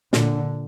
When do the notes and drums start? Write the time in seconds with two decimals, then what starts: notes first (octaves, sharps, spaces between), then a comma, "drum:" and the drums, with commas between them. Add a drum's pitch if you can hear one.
0.13 A#2 D3, drum: snare